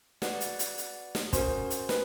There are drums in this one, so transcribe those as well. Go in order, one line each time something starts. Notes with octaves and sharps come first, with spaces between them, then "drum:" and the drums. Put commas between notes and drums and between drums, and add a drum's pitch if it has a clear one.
F#4 B4 D5 F#5, drum: snare
drum: hi-hat
drum: hi-hat
drum: hi-hat
drum: snare
C#4 F#4 A#4 C5, drum: kick, hi-hat
drum: hi-hat
B4, drum: snare